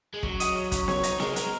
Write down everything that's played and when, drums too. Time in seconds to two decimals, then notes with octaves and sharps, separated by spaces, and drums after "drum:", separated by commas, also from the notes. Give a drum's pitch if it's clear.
0.14 G#3
0.23 F#3 C#4, drum: kick
0.40 D#5, drum: hi-hat
0.56 C#4
0.72 C#4, drum: kick, hi-hat
0.88 C#5, drum: snare B3
1.03 D#4, drum: hi-hat
1.20 G#3 A#4, drum: snare B3
1.36 A#4, drum: hi-hat